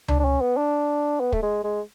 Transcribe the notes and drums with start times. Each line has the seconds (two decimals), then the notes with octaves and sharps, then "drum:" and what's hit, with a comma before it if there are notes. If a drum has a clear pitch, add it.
0.08 D4, drum: tom C#2
0.19 D4
0.25 C#4
0.41 B3
0.57 D4
1.20 B3
1.32 A3, drum: kick
1.42 G#3
1.64 G#3